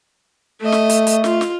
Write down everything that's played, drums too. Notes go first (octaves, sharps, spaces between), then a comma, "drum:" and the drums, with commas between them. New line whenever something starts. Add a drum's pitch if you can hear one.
A3 A4 D#5
drum: snare
drum: hi-hat
drum: hi-hat
F4, drum: snare
drum: snare